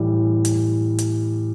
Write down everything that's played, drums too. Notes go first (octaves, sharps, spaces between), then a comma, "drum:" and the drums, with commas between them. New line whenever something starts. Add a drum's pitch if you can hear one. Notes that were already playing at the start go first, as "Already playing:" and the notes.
Already playing: A2 E3 G3
drum: hi-hat
drum: hi-hat